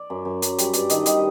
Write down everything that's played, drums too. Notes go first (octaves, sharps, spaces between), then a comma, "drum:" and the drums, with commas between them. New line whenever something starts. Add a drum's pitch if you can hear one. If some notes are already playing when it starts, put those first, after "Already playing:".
Already playing: D5
F#2
F#2
F#2, drum: hi-hat
G3, drum: hi-hat
G2 D5, drum: hi-hat
D#3 D#5, drum: hi-hat
G3 D#5, drum: hi-hat